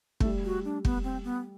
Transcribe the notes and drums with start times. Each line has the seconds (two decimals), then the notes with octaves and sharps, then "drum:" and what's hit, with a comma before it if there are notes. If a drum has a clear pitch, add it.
0.20 A3, drum: kick
0.25 G3
0.45 F#4
0.65 D4
0.85 B3, drum: kick
1.04 C4
1.24 B3